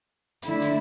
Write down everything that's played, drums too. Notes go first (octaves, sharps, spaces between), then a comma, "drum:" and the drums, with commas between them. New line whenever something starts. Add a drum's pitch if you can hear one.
D3 A3 E4, drum: hi-hat
drum: hi-hat